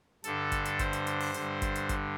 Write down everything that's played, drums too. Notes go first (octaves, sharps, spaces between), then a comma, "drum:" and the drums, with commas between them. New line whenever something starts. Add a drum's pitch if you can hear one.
G2 D3 A4, drum: hi-hat
drum: kick G#1, hi-hat
drum: hi-hat
C5, drum: kick G#1, hi-hat
drum: hi-hat
drum: hi-hat
drum: open hi-hat
G2 D3, drum: hi-hat
drum: kick G#1, hi-hat
drum: hi-hat
drum: kick G#1, hi-hat